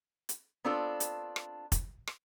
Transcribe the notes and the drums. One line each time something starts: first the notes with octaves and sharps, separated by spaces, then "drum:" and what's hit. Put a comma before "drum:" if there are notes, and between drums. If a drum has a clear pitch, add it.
drum: hi-hat
B3 C4 D4 F4 A4
drum: hi-hat
drum: rim click
drum: kick, hi-hat
drum: rim click